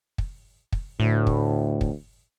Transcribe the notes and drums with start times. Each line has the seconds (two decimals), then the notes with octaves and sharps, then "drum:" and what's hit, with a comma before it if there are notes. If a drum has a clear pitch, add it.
0.18 drum: kick
0.72 drum: kick
1.00 D2 A2
1.27 drum: kick
1.81 drum: kick